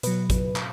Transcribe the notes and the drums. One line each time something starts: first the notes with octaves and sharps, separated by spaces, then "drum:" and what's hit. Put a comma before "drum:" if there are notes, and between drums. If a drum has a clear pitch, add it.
B2 F#3 B4, drum: hi-hat
drum: kick A1, hi-hat
drum: clap